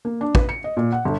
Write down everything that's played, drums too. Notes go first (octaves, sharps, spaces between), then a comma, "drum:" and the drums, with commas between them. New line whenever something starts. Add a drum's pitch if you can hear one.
A#3
D4
B4, drum: kick
C#7
D#5
A#2
F#5
G1